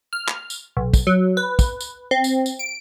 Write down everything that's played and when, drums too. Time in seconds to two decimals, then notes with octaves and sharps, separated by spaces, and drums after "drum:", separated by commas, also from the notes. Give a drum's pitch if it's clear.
0.13 F6
0.28 drum: clap
0.50 drum: tambourine
0.77 B1
0.94 drum: kick, tambourine
1.07 F#3
1.37 B4
1.59 drum: kick, tambourine
1.81 drum: tambourine
2.11 C4
2.24 drum: tambourine
2.46 drum: tambourine
2.59 D7